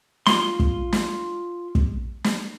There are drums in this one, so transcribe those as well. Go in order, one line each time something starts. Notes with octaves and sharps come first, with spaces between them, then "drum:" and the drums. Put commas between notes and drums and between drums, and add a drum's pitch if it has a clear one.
F4 C6, drum: snare
drum: kick
drum: snare
drum: kick
drum: snare